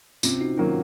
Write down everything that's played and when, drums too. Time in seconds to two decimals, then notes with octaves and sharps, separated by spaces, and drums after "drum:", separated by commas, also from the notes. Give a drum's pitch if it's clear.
0.23 C3 C#4 F4, drum: tambourine
0.41 D#4 F#4
0.57 D#3 F#3 A#3 C#4 F4